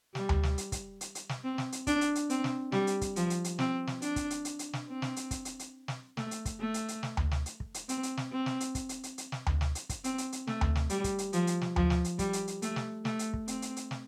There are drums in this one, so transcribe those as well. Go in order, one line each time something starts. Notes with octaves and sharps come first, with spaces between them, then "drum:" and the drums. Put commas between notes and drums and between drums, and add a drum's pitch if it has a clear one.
G3, drum: snare
drum: tom D2
drum: snare
drum: hi-hat
drum: kick, hi-hat
drum: hi-hat
drum: hi-hat
drum: snare
C4
drum: snare
drum: hi-hat
D4, drum: kick, hi-hat
drum: hi-hat
drum: hi-hat
C4, drum: hi-hat
drum: snare
G3, drum: snare
drum: hi-hat
drum: kick, hi-hat
F3, drum: hi-hat
drum: hi-hat
drum: hi-hat
C4, drum: snare
drum: snare
D4, drum: hi-hat
drum: kick, hi-hat
drum: hi-hat
drum: hi-hat
drum: hi-hat
drum: snare
C4
drum: snare
drum: hi-hat
drum: kick, hi-hat
drum: hi-hat
drum: hi-hat
drum: snare
A3, drum: snare
drum: hi-hat
drum: kick, hi-hat
A3
drum: hi-hat
drum: hi-hat
drum: snare
drum: tom D2
drum: snare
drum: hi-hat
drum: kick
drum: hi-hat
C4, drum: hi-hat
drum: hi-hat
drum: snare
C4
drum: snare
drum: hi-hat
drum: kick, hi-hat
drum: hi-hat
drum: hi-hat
drum: hi-hat
drum: snare
drum: tom D2
drum: snare
drum: hi-hat
drum: kick, hi-hat
C4, drum: hi-hat
drum: hi-hat
drum: hi-hat
A3, drum: snare
drum: tom D2
drum: snare
G3, drum: hi-hat
drum: kick, hi-hat
drum: hi-hat
F3, drum: hi-hat
drum: hi-hat
drum: snare
F3, drum: tom D2
drum: snare
drum: hi-hat
G3, drum: kick, hi-hat
drum: hi-hat
drum: hi-hat
A3, drum: hi-hat
drum: snare
A3, drum: snare
drum: hi-hat
drum: kick
C4, drum: hi-hat
drum: hi-hat
drum: hi-hat
drum: snare